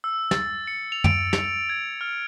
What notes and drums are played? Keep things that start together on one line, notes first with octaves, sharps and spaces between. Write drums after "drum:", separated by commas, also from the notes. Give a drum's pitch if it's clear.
E6
A6, drum: snare
C#7
F7
D7, drum: tom
F7, drum: snare
G#6
F6